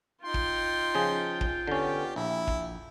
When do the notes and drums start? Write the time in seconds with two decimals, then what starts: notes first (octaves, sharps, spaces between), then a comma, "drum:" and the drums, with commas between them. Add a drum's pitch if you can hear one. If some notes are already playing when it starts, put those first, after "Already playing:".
0.24 D#4 F4 G5 C6
0.34 drum: kick
0.95 C#3 F3 G#4
1.41 drum: kick
1.67 D3 B3 C#4 G4
2.16 A#1 E4
2.47 drum: kick